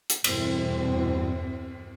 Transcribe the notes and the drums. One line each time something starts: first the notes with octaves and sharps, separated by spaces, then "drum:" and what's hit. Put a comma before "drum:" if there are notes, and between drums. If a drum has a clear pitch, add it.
drum: hi-hat
E2 G2 B2 E3 C4, drum: cymbal